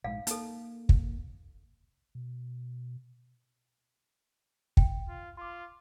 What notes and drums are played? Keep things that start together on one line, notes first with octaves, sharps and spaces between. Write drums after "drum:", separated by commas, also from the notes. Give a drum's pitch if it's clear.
A#1 G#2 G#3 F5
A#3 D#4 A4, drum: hi-hat
drum: kick
B2
G5, drum: kick
F4
F4 C6 D6